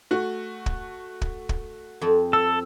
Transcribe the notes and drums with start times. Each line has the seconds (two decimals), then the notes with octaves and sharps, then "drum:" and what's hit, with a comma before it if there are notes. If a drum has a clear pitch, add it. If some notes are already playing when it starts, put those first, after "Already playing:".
0.11 A3 F#4
0.66 drum: kick
1.21 drum: kick
1.49 drum: kick
2.01 F2 C4
2.33 A4 E6